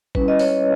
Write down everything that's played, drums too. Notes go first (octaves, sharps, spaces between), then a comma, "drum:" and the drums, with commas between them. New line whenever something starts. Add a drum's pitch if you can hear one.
G3 C#4 E4 B4, drum: kick G#1
D#5
C#5, drum: open hi-hat